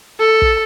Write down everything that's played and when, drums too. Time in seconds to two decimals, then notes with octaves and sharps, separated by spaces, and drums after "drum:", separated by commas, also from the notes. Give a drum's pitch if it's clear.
0.20 A4
0.42 drum: kick